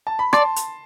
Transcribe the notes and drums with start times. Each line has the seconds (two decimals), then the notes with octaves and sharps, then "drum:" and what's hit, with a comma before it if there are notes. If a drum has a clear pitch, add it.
0.07 A5
0.19 B5
0.33 D5 A5 C6, drum: rim click
0.56 drum: hi-hat